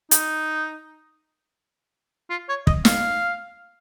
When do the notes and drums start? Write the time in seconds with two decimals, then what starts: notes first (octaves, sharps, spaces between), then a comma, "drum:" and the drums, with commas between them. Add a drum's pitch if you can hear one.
0.11 D#4, drum: hi-hat
2.30 F4
2.49 C#5
2.67 D#5, drum: kick
2.85 F5, drum: snare